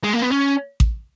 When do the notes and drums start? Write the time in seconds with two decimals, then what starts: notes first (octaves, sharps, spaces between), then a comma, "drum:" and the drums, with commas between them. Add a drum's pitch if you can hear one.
0.04 G#3
0.13 A#3
0.22 B3
0.32 C#4
0.80 drum: kick A1